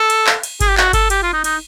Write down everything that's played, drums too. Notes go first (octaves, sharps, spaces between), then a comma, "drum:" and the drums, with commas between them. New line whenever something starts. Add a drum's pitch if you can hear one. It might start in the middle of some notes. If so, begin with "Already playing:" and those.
Already playing: A4
drum: cymbal
drum: clap
drum: cymbal
G#4, drum: kick G1, cymbal
G4
F#4, drum: clap
A4, drum: kick G1, cymbal
G4, drum: cymbal
F4
D#4
D#4, drum: cymbal